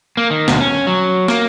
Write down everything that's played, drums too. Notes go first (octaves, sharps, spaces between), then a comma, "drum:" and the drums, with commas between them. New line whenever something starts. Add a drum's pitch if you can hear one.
A#3
D#3
D2 B2, drum: snare
C#4
F#3
A#3, drum: snare